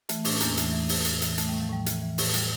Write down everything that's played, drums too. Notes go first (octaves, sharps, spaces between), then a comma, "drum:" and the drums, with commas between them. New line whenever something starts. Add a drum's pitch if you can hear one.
E3 A3, drum: hi-hat
A2 D4, drum: open hi-hat
C#4
E2 A#3, drum: hi-hat
C#4
E3 A3, drum: hi-hat
E3
E2, drum: open hi-hat
A2, drum: hi-hat
E3, drum: hi-hat
E3 A3, drum: hi-hat
A2 G3
F3
A2 G3
E3, drum: hi-hat
E3
A2, drum: open hi-hat
G3, drum: hi-hat